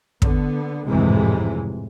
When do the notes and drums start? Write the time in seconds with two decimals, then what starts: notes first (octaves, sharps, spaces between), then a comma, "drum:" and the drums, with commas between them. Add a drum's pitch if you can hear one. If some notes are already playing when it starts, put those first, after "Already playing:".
0.22 D3 B3, drum: kick
0.87 G#1 F2 A2 C3 E3 G#3